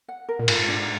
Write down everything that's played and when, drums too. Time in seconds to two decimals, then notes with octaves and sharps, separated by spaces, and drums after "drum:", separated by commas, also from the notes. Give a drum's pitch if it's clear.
0.08 F#5
0.29 A#4
0.39 A#2
0.48 G#2 F4, drum: cymbal
0.59 G#2
0.68 D4